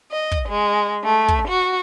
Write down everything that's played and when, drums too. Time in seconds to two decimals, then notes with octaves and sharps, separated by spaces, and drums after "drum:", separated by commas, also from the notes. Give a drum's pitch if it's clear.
0.10 D#5
0.31 drum: kick
0.47 G#3
1.03 A3
1.28 drum: kick
1.48 F#4